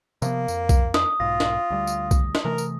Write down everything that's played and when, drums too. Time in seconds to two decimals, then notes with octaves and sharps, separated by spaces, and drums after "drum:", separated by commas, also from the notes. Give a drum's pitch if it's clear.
0.22 C3 F3 A#3 B3, drum: tambourine
0.48 F2, drum: tambourine
0.69 drum: kick B1, tambourine
0.94 D#6, drum: snare
1.20 B1 G#2 F4 A#6
1.40 drum: snare
1.70 D2 G3
1.87 drum: tambourine
2.11 drum: kick B1, tambourine
2.35 drum: snare
2.45 C3 E3 A3 A#4
2.58 drum: tambourine